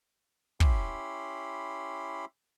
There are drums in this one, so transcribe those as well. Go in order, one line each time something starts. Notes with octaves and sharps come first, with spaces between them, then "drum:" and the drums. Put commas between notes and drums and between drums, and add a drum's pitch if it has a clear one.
C#4 E4 G4 B5 C6, drum: kick